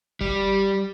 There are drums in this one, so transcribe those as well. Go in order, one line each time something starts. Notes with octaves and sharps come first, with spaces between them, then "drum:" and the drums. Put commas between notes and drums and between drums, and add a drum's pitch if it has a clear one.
G3, drum: kick F1